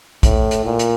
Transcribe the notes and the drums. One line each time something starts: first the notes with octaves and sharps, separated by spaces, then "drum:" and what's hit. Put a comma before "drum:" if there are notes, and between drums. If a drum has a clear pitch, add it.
A2, drum: kick, hi-hat
drum: hi-hat
A#2
drum: hi-hat